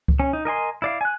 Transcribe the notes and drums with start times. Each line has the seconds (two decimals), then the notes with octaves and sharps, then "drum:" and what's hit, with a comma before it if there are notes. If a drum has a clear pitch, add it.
0.08 drum: kick C#2
0.20 C#4
0.33 D#4
0.45 A#4 D#5 G#5 C6
0.82 E4 D5 F5
1.01 G#5 F#6